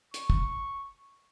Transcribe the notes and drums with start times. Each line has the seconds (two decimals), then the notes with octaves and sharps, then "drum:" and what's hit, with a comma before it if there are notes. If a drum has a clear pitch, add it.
0.14 C#6, drum: hi-hat
0.30 drum: kick